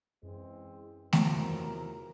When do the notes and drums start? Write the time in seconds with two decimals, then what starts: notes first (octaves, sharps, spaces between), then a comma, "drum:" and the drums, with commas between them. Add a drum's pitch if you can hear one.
0.23 F#2 E3 G#3 C4
1.13 E2 C3 F3 F#3 A#4 A#5, drum: snare